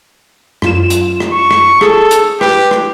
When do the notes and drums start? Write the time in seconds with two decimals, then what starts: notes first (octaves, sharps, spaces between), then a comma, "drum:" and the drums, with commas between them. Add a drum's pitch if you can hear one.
0.62 F#2 F4 E7, drum: rim click
0.90 drum: hi-hat
1.20 drum: rim click
1.33 C#6
1.51 drum: rim click
1.81 G#4 A4, drum: rim click
2.11 drum: hi-hat
2.41 G4 B4, drum: rim click
2.71 drum: rim click